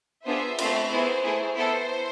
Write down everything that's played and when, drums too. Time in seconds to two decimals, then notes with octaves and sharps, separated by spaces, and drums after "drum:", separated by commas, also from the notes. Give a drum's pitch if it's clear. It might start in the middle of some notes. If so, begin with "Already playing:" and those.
0.25 B3 D4 F4 G#4 C5 E5
0.58 A3 C4 F4, drum: cymbal
0.90 B3 E4 G#4 C5
1.23 A3 E4 G#4
1.56 B3 E4 A4 C5